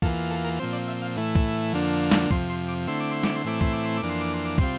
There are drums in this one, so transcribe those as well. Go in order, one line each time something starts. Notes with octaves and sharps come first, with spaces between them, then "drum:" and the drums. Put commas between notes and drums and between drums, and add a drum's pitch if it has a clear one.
E2 E3 A#3 F4 A4, drum: kick, tambourine
drum: tambourine
A4
A#4
A#2 F3 C4 C5, drum: tambourine
D5
E5
F5
A2 E3 A3 E4, drum: tambourine
drum: kick, tambourine
drum: tambourine
F2 D3 F3 A#3 D4, drum: tambourine
drum: tambourine
drum: snare
F2 C3 F3 C6, drum: kick, tambourine
C6, drum: tambourine
D6, drum: tambourine
D3 A3 C4 E4 C6, drum: tambourine
D6
C6
D6, drum: snare
C6
A2 E3 A3 C4 E4 D6, drum: tambourine
C6, drum: kick, tambourine
D6
C6, drum: tambourine
D6
F2 E3 A#3 D4, drum: tambourine
C6
D6, drum: tambourine
C6
D6
C3 G3 C4 F4 C6, drum: kick, tambourine